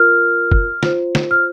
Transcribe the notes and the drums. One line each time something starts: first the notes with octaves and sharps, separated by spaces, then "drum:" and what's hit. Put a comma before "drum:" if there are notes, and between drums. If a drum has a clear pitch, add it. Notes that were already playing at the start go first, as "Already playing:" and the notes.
Already playing: F4 A#4 F6
drum: kick F1
F4 C5, drum: snare
drum: snare
F6